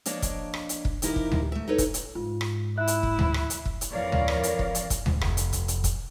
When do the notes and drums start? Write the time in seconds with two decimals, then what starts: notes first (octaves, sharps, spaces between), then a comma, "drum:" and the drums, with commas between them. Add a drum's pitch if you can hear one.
0.05 F3 A#3 D4 C#5 D#5, drum: hi-hat
0.22 drum: kick, hi-hat
0.54 drum: rim click
0.69 drum: hi-hat
0.85 drum: kick
1.02 C3 F3 D#4 E4 G4 A#4, drum: hi-hat
1.16 drum: kick
1.32 drum: tom D2
1.52 A3 E5
1.68 D#4 E4 A4 B4 C#5
1.78 drum: kick, hi-hat
1.94 drum: hi-hat
2.15 G#2 F4
2.41 drum: rim click
2.78 E4 E5 F#6
2.88 drum: hi-hat
3.03 drum: kick
3.19 drum: tom D2
3.34 drum: rim click
3.50 drum: hi-hat
3.65 drum: kick
3.81 drum: hi-hat
3.92 F2 E3 A#4 C#5 D5 F5
4.12 drum: tom D2
4.28 drum: rim click
4.43 drum: hi-hat
4.59 drum: kick
4.75 drum: hi-hat
4.90 drum: kick, hi-hat
5.06 drum: tom D2
5.21 F1, drum: rim click
5.37 drum: hi-hat
5.53 drum: kick, hi-hat
5.68 drum: hi-hat
5.84 drum: kick, hi-hat